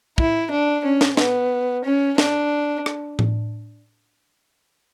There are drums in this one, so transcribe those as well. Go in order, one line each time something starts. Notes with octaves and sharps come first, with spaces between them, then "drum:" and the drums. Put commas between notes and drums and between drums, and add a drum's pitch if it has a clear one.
E4, drum: kick
D4
C#4
drum: snare
B3, drum: snare
C#4
D4, drum: snare
drum: rim click
drum: tom A2